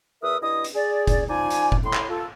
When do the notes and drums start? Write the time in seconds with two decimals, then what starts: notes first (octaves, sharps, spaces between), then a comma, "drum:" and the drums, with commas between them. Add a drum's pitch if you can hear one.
0.22 E2 A#4 B4 E5 D#6 E6
0.42 G2 E4 D#5 D#6
0.64 drum: hi-hat
0.75 G#4 D5
1.07 drum: kick F1, hi-hat
1.29 F3 D#4 D5 G#5
1.50 drum: hi-hat
1.72 drum: kick F1
1.83 A2 C6
1.93 drum: clap
2.09 F4 A4